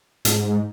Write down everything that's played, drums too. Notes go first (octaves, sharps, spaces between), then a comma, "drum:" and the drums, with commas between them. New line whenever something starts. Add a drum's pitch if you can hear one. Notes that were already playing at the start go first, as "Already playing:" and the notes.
G#2, drum: hi-hat